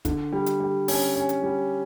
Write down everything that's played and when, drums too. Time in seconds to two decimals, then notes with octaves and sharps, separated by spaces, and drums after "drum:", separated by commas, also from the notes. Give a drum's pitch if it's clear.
0.05 D3, drum: kick, hi-hat
0.33 G3
0.46 drum: hi-hat
0.60 G3
0.88 C#4, drum: open hi-hat
1.15 C#4
1.29 drum: hi-hat
1.43 G3